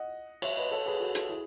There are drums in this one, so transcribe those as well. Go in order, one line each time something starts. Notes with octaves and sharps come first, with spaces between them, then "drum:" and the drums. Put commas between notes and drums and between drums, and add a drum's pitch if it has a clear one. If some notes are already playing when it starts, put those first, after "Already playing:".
Already playing: D#5 F#5
C#5 E5, drum: cymbal
B4 D#5
A4 C#5
G#4 B4
F#4 A4
F#4 A4, drum: hi-hat
E4 G#4